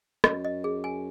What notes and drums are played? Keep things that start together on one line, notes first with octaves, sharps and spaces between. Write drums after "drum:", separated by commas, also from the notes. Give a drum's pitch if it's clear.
F#2 D#5, drum: rim click
D#5
G#4
G#5